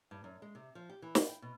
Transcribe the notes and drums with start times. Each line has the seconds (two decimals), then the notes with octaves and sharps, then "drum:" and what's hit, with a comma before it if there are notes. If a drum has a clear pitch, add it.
0.11 G2
0.24 F#2
0.42 G#3
0.55 C3
0.75 F3
0.90 G4
1.02 E3
1.15 F4, drum: snare
1.29 G5
1.42 B2